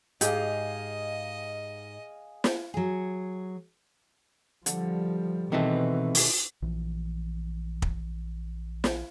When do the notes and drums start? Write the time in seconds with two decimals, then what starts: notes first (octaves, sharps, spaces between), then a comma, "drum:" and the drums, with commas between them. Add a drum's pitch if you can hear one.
0.21 G#2 G4 G#4 D#5 F5, drum: hi-hat
2.44 drum: snare
2.74 F#3 G#4
4.66 D3 F3 G3, drum: hi-hat
5.52 B2 D#3 E3 G#3 A3 C4 B4
6.15 drum: open hi-hat
6.62 A#1 E3
7.82 drum: kick
8.84 drum: snare